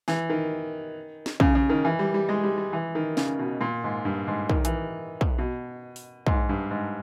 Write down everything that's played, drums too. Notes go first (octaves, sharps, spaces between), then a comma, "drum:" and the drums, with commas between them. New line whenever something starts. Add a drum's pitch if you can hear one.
E3, drum: snare
D#3
drum: snare
C#3, drum: kick
C#3
D#3
E3
G3
G3
G#3
G3
G3
E3
D#3
C#3, drum: snare
B2
A#2
G#2
G2
G#2
D#3, drum: kick
E3, drum: hi-hat
drum: kick
B2
drum: open hi-hat
G#2, drum: kick
G2
G#2